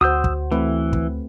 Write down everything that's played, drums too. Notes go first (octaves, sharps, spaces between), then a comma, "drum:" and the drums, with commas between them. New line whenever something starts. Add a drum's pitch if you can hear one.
D2 F#4 C5 D#6 E6 G6
drum: kick
E3 A3 C4 B4
drum: kick